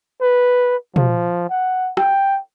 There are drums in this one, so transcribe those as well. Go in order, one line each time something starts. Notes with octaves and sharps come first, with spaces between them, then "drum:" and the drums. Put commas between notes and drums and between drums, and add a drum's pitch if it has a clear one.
B4
F3, drum: tom
F#5
G5, drum: rim click